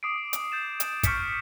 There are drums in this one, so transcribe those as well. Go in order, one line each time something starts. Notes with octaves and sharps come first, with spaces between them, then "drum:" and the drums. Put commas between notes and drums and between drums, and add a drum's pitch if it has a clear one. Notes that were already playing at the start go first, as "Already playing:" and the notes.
D6 D#6 C7 D7
drum: hi-hat
G6 A6 E7
drum: hi-hat
C#6 F6 G6 B6 C#7, drum: kick, hi-hat